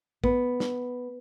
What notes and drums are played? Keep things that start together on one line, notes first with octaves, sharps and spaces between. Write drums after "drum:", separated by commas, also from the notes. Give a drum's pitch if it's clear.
B3, drum: kick
drum: snare